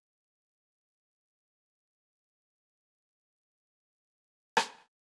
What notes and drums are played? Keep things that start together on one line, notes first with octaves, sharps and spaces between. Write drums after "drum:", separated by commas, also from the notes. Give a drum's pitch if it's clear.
C3 E3 D#5 F5
G1 D#3 E4
drum: rim click